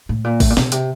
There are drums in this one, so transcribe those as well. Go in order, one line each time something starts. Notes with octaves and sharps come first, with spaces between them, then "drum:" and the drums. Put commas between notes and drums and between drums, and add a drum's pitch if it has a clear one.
A2
A#2
A2, drum: kick, open hi-hat
A#2
B2, drum: snare
C3, drum: hi-hat